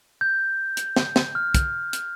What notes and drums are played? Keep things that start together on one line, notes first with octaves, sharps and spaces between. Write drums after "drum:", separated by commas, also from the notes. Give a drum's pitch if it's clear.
G6
drum: hi-hat
drum: snare
drum: snare
F6
drum: kick, hi-hat
drum: hi-hat